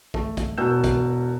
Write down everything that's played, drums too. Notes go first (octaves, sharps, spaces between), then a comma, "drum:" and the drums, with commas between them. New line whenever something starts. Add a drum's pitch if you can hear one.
A3, drum: kick
drum: kick, hi-hat
E1 B2 A#4 E6 G6 E7
drum: kick, hi-hat